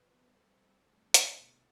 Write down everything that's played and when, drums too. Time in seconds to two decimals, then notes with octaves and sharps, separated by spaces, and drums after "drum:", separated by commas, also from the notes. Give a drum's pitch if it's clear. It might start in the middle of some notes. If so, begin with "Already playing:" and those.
Already playing: C3 F3 B3 B4
0.24 C3 G3 C4 A4
0.78 F2 D3 A3 C4
1.14 drum: hi-hat
1.32 B2 B3 A4